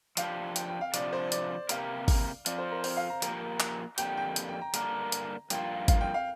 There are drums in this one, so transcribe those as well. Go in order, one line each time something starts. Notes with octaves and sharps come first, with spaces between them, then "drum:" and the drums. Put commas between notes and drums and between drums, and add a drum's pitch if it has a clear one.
F3 D4 G4 F5, drum: hi-hat
G5, drum: hi-hat
G5
F5
C3 F3 D4 D5, drum: hi-hat
C5
D5, drum: hi-hat
C3 A#3 G4 A#4 F5, drum: hi-hat
drum: kick G#1, open hi-hat
F3 C4 F4 D5, drum: hi-hat
C5
A#4
C5, drum: open hi-hat
F5
A#5
F3 A#3 G4 A#4, drum: hi-hat
drum: clap
F2 D3 A#3 G4 G5, drum: hi-hat
G5
drum: hi-hat
G5
A#5
G2 D3 A#3 D4 A#4, drum: hi-hat
drum: hi-hat
G2 F3 A#3 F4 G5, drum: hi-hat
F5, drum: kick G#1, hi-hat
G5
F5